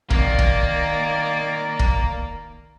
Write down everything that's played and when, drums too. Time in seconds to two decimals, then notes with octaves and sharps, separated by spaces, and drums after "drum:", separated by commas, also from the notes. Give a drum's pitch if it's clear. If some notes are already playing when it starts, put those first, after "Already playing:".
0.10 D#3 A#3 D5, drum: kick
0.39 drum: kick
1.79 drum: kick